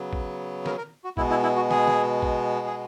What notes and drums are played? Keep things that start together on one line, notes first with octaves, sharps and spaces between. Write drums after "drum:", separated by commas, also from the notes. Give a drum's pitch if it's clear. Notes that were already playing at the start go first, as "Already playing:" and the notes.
Already playing: C#3 F#3 B3
drum: kick
A#4, drum: snare
A#4
F#4
B2 G#3 B3 E4, drum: kick
E4
E4
F#4
G#4, drum: snare
drum: snare
drum: kick
G#4